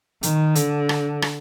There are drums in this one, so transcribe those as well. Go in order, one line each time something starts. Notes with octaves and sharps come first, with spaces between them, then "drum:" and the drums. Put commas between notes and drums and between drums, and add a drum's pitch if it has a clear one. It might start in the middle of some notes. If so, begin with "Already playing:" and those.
D#3, drum: hi-hat
D3, drum: hi-hat
drum: rim click
drum: rim click